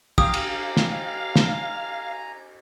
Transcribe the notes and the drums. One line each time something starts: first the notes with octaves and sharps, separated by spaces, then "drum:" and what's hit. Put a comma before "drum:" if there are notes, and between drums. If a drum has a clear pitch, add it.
G4 F5 G#5 A#5 D#6, drum: kick
drum: cymbal
drum: snare
drum: snare